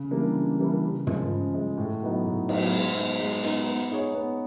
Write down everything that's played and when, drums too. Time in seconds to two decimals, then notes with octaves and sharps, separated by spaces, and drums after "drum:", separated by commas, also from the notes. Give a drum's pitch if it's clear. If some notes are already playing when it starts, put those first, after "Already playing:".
Already playing: C#3
0.11 E3 G3 A#3 D4
0.35 C#3
0.59 E3 G3 A#3 D4
0.82 C#3
1.07 F3 G#3, drum: tom
1.30 C#3
1.54 F3 G#3
1.77 A2
2.01 F#3 B3 D#4
2.25 A2
2.49 F#3 B3 D#4, drum: cymbal
2.72 G#3
2.96 B3 D#4
3.20 G#3
3.44 B3 D#4, drum: hi-hat
3.67 B3
3.91 D#4 G#4 C#5
4.14 B3